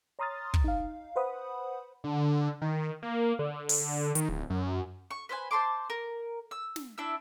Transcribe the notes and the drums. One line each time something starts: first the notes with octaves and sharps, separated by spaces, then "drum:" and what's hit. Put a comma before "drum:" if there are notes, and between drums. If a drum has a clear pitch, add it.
C#5 A#5 C6 D#6 F6 A6
drum: kick
D#4 F5
B4 C5 F#5 B5 D#6
D3
D#3
A#3
D3
drum: open hi-hat
D#3, drum: hi-hat
D1
F#2
C#6
B4 C5 E5 G#5
C5 A5 C6 D6
A#4
E6
drum: snare
D4 E4 E5 E6